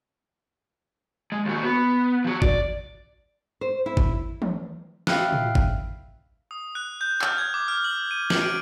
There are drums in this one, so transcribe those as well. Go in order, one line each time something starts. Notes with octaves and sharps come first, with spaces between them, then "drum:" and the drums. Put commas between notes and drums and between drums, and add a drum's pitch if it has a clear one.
G#3
D#2 F#4
B3
F3 F#4
D5, drum: kick G#1
C5
E4
drum: kick G#1
drum: tom
E5 F5 G5 B5 F6 F#6, drum: snare
drum: tom
drum: kick G#1
D#6
F#6
G6
F6, drum: clap
G#6
D6
F6
F#7
D#7
F#7, drum: snare
D7